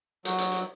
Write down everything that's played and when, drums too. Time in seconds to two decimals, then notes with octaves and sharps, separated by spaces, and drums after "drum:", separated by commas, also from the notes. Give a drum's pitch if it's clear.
0.25 F#3, drum: hi-hat
0.38 drum: hi-hat
0.52 drum: hi-hat